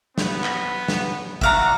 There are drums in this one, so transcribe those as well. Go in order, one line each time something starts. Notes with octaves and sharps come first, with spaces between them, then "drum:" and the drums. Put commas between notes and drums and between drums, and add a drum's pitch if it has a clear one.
B3, drum: snare
drum: clap
drum: snare
D4 F#4 E5 F5 A#5, drum: kick